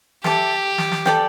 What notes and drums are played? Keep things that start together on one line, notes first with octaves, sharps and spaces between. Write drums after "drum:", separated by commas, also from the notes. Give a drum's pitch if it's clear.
G4 A4 E5 A5 D6, drum: snare
drum: snare
drum: snare
A4 D5 G5, drum: snare